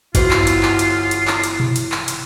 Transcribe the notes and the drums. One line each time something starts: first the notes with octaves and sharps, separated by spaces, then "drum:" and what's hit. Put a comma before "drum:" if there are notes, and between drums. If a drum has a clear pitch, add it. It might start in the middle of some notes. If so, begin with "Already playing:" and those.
G1 F#2 C#3 E3 B3 F4 C5, drum: kick G#1, hi-hat
drum: clap
drum: hi-hat
drum: clap
drum: hi-hat
drum: hi-hat
drum: clap
drum: hi-hat
drum: tom B2
drum: hi-hat
drum: clap
drum: hi-hat